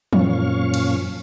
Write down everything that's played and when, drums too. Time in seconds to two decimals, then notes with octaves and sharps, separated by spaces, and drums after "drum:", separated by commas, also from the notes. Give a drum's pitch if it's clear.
0.13 F#2 A#2 F3 C#4 F5 C#6, drum: tom
0.74 drum: cymbal